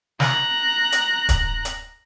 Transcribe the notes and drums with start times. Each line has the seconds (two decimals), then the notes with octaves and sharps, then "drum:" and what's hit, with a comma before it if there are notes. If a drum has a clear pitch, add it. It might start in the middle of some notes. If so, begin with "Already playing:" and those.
0.20 A#5 F#6, drum: snare
0.92 drum: hi-hat
1.29 drum: kick, hi-hat
1.65 drum: hi-hat